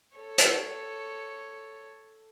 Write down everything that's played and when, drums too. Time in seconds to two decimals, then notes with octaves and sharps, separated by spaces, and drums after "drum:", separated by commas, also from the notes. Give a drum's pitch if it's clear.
0.17 A4 C#5
0.38 drum: hi-hat